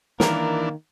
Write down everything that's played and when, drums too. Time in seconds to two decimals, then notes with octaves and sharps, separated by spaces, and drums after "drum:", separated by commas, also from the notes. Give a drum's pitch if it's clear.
0.20 D#3 E3 A#3 D4 A#4, drum: snare